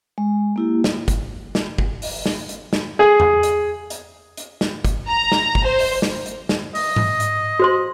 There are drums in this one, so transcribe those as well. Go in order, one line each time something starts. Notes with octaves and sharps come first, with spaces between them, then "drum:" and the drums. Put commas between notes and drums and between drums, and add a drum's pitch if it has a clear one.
G#3
A#3 E4 G4
drum: snare
drum: kick, hi-hat
drum: snare
drum: kick
drum: open hi-hat
drum: snare
drum: hi-hat
drum: snare
G#4
drum: tom E2
drum: hi-hat
drum: hi-hat
drum: hi-hat
drum: snare
drum: kick, hi-hat
A#5
drum: snare
drum: kick
C5
drum: open hi-hat
drum: snare
drum: hi-hat
drum: snare
D#5, drum: open hi-hat
drum: tom G#2
drum: hi-hat
F#4 C5 C6